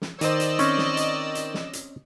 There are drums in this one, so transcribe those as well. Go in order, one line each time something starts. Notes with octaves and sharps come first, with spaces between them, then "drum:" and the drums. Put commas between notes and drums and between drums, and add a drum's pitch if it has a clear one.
drum: snare
D#3 C5 D5 D#5 E6, drum: hi-hat
drum: hi-hat
C4 C#4 C#6, drum: hi-hat
drum: snare
drum: hi-hat
drum: hi-hat
drum: snare
drum: hi-hat